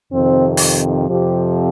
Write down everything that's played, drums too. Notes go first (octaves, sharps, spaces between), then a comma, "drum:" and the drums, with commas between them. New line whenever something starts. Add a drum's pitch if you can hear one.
F2 C3 D#3 C4
drum: open hi-hat
F2 C3 F3 G4